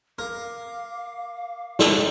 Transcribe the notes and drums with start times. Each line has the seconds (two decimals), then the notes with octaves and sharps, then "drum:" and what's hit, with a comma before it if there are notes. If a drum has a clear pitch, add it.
0.19 A#4 F5 D6
1.79 drum: snare